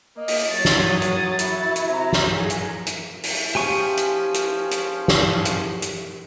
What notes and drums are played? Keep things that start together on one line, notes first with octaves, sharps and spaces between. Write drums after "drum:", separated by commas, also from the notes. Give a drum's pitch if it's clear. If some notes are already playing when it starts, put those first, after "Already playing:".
A#3 D#5
drum: open hi-hat
F#3 C#5 A6
drum: snare
D#6
drum: hi-hat
E4 F#4, drum: hi-hat
drum: hi-hat
C3 A#5
drum: snare
D3 G#4
drum: hi-hat
drum: hi-hat
drum: open hi-hat
F3 C#4 G4 G#5 C#6
drum: hi-hat
drum: hi-hat
drum: hi-hat
drum: snare
drum: hi-hat
drum: hi-hat